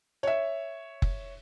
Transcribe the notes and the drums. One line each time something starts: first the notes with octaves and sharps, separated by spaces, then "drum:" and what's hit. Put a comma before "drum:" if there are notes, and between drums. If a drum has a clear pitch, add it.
C#5 E5
drum: kick F#1